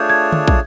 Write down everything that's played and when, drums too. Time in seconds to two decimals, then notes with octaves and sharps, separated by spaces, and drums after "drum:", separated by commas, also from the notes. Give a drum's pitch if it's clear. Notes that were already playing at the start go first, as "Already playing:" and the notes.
Already playing: A3 D4 F4 G#4 C#5 G6
0.10 G#6
0.32 drum: tom D3
0.48 drum: kick